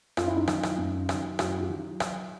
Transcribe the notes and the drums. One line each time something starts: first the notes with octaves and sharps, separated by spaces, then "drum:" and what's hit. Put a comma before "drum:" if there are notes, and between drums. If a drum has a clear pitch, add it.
F#2 F4, drum: rim click
E4
D#4 F4
D#3 F#3, drum: rim click
drum: rim click
F#2
D#3 F#3, drum: rim click
F#2 E4 F#4, drum: rim click
F4 G4
D#3 F#3
drum: rim click